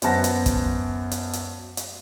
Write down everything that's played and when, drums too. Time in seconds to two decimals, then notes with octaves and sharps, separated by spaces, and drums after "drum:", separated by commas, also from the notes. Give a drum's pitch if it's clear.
0.02 F#2 B3 C5 F#5 A5 A#6, drum: hi-hat
0.24 drum: hi-hat
0.46 drum: kick, hi-hat
1.11 drum: hi-hat
1.33 drum: hi-hat
1.77 drum: hi-hat